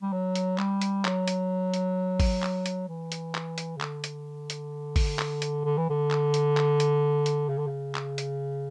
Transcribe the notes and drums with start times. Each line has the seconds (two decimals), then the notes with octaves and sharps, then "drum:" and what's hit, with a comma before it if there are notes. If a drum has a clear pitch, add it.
0.02 G3
0.13 F#3
0.35 drum: hi-hat
0.58 G3, drum: clap
0.82 drum: hi-hat
1.05 F#3, drum: clap
1.28 drum: hi-hat
1.74 drum: hi-hat
2.20 drum: kick G#1, open hi-hat
2.43 drum: clap
2.66 drum: hi-hat
2.88 E3
3.12 drum: hi-hat
3.35 drum: clap
3.58 drum: hi-hat
3.77 C#3
3.81 D3, drum: clap
4.04 drum: hi-hat
4.50 drum: hi-hat
4.96 drum: kick G#1, open hi-hat
5.19 drum: clap
5.42 drum: hi-hat
5.65 D3
5.77 E3
5.90 D3
6.11 drum: clap
6.34 drum: hi-hat
6.57 drum: clap
6.80 drum: hi-hat
7.26 drum: hi-hat
7.49 C#3
7.58 D3
7.67 C#3
7.95 drum: clap
8.18 drum: hi-hat